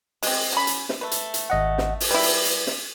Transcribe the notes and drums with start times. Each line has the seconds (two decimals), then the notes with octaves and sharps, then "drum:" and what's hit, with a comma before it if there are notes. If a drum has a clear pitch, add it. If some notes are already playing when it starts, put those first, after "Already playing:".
0.23 G#3 C4, drum: open hi-hat
0.53 F#3 C#4 B5
0.67 drum: hi-hat
0.89 drum: snare
1.01 A3 B4
1.11 drum: hi-hat
1.34 drum: hi-hat
1.50 G#1 D#5 F#5
1.78 drum: snare
2.00 drum: open hi-hat
2.11 G3 E4 B4
2.23 drum: open hi-hat
2.45 drum: hi-hat
2.67 drum: snare